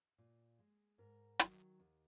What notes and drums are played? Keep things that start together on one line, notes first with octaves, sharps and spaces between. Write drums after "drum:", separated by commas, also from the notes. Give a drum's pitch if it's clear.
A#2
G#3
G#2 A#4
D#3 F#3, drum: hi-hat
D#2